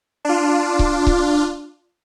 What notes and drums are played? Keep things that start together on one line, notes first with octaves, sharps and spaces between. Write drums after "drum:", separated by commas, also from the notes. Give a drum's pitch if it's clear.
D4 F4
drum: kick C#1
drum: kick C#1